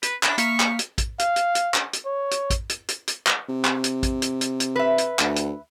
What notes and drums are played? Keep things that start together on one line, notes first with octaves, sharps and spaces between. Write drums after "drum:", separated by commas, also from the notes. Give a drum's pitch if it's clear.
B4, drum: hi-hat
D4 E5 B5, drum: clap
A#3 F5 C#6 B6, drum: hi-hat
drum: clap
drum: hi-hat
drum: kick, hi-hat
F5, drum: hi-hat
drum: hi-hat
drum: hi-hat
drum: clap
drum: hi-hat
C#5
drum: hi-hat
drum: kick, hi-hat
drum: hi-hat
drum: hi-hat
drum: hi-hat
drum: clap
C3
drum: clap
drum: hi-hat
drum: kick, hi-hat
drum: hi-hat
drum: hi-hat
drum: hi-hat
B4 E5
drum: hi-hat
D2, drum: clap
drum: hi-hat